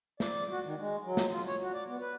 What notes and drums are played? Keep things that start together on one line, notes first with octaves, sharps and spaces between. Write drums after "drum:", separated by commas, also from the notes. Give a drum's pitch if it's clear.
D5, drum: snare
F#4
D#3
G#3
F#3
drum: snare
F4
C#5
F#4
D5
B3
B4